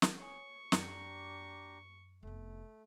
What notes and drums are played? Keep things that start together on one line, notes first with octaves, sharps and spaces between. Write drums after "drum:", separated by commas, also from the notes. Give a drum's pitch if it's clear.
drum: snare
C#5 G#5 C#6 D#6
F#2 D4 G4 A#5, drum: snare
F1 A3 B3